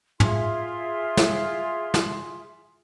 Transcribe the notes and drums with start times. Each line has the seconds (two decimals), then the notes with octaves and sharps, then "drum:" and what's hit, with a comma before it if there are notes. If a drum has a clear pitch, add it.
0.20 F4 G#4 E5 C6, drum: tom
1.17 drum: snare
1.94 drum: snare